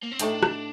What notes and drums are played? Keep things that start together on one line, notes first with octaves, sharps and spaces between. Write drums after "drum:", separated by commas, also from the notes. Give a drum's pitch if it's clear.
A#3
C4
A2 A3 D4 D#4 G4, drum: hi-hat
drum: rim click